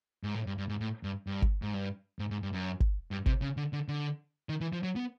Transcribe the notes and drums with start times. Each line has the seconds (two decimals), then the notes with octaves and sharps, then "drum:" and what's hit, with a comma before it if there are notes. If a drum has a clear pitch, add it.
0.23 G#2
0.35 A2
0.47 G2
0.58 G2
0.69 G#2
0.81 A2
1.03 G2
1.27 G2
1.42 drum: kick G1
1.62 G#2
1.73 G2
2.19 G#2
2.31 G#2
2.43 G2
2.53 F#2
2.80 drum: kick G1
3.11 G2
3.26 C3, drum: kick G1
3.42 C#3
3.57 D3
3.73 D3
3.88 D3
4.49 D#3
4.61 E3
4.73 F3
4.83 F#3
4.96 B3